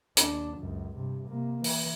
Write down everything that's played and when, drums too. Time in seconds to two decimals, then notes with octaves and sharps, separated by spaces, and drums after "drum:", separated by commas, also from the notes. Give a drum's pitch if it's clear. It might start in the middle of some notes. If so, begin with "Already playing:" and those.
0.17 D#2 D4, drum: hi-hat
0.57 C#2 F#2
0.95 G2 C3
1.28 C3 A#3
1.64 E3, drum: open hi-hat